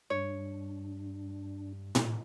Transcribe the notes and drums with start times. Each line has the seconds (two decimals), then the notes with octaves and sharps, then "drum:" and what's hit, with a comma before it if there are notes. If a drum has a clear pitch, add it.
0.10 G2 D4 C#5
1.95 drum: tom A2